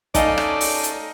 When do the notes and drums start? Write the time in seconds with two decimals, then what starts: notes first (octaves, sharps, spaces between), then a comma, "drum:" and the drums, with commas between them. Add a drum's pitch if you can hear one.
0.15 A3 C#4 D#4 A4 D5 D#5 F5, drum: kick, hi-hat
0.38 drum: rim click
0.61 drum: open hi-hat
0.84 drum: hi-hat